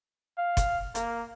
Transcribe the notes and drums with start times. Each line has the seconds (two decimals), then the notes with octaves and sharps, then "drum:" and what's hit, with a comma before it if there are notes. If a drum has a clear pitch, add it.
0.38 F5
0.57 drum: kick F#1, hi-hat
0.95 A#3, drum: hi-hat